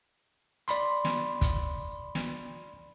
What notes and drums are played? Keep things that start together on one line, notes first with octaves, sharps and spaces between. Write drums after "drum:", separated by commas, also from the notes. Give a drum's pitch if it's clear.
D5 B5 C6, drum: hi-hat
drum: snare
drum: kick, hi-hat
drum: snare